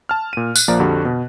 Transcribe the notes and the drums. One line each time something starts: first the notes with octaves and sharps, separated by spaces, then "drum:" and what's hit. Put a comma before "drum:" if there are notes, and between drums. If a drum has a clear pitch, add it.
A5 F6
A#2 D#7
F#6, drum: tambourine
A#1 F3 A#3 D5 A#5
F2 D3 F#4 G4
B2